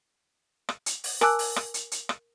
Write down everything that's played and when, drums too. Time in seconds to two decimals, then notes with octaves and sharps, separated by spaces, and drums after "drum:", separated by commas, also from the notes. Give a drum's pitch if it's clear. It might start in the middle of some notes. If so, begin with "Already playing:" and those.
0.69 drum: rim click
0.86 drum: hi-hat
1.04 drum: open hi-hat
1.21 A#4 G#5 A5 D6 E6 F#6, drum: rim click
1.39 drum: open hi-hat
1.56 drum: rim click
1.74 drum: hi-hat
1.92 drum: hi-hat
2.09 drum: rim click